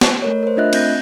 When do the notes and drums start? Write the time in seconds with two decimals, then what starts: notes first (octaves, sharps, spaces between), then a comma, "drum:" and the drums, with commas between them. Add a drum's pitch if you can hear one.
0.01 drum: snare
0.22 A3 A#4 C#5
0.43 A#4 C5
0.57 A3 D4 F4 D#5 E5 F#6
0.73 C4 G6 A#6, drum: cymbal